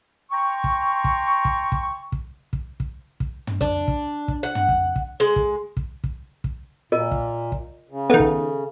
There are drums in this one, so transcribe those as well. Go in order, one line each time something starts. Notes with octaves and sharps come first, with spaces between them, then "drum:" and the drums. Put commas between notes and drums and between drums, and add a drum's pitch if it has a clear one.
G5 A#5 C6 C#6
drum: kick
drum: kick
drum: kick
drum: kick
drum: kick
drum: kick
drum: kick
drum: kick
drum: tom
D4, drum: kick
drum: kick
drum: kick
F#5
drum: tom
drum: kick
drum: kick
G#3
drum: kick
drum: kick
drum: kick
drum: kick
A#2 F4 A#4 D#5
drum: kick
drum: kick
C#3
D#3 B3 A4 E5
drum: kick